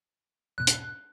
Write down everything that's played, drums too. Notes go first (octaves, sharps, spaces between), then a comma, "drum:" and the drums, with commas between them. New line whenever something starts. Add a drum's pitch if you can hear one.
E2 G#2 B2 F#6
drum: hi-hat